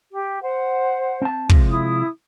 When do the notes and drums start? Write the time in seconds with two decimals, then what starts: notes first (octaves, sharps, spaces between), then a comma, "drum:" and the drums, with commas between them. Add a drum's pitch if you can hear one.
0.12 G4
0.42 C5 F#5
1.22 C4 A5
1.49 C3 F3 G#3, drum: kick
1.69 E4 D#6